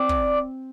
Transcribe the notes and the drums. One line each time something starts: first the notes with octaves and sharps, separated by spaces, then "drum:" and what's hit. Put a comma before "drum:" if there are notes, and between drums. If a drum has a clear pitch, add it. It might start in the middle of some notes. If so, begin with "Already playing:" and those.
Already playing: C4 D5
drum: kick